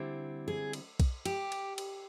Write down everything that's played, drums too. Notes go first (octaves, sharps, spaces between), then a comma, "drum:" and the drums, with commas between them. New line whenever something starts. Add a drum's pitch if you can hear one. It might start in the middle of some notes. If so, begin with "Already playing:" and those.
Already playing: D3 G3 C4 E4
G#4
drum: cymbal
drum: kick B1, cymbal
G4, drum: cymbal
drum: cymbal
drum: cymbal